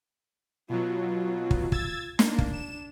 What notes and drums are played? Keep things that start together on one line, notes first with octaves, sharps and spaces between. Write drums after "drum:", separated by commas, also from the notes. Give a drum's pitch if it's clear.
B2 F#3 F4
drum: kick
E6 G#6 A6, drum: kick
A#3 D4, drum: snare
drum: kick
E7